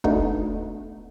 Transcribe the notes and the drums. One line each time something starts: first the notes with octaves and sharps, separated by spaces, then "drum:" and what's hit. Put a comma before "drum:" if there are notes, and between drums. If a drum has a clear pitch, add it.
A3 B3 D4 D#4 F#4, drum: kick